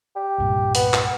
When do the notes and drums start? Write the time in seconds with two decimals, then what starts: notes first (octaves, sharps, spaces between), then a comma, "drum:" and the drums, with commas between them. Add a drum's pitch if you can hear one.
0.16 G4
0.38 C2 G2 A#2
0.75 B3, drum: hi-hat
0.94 drum: clap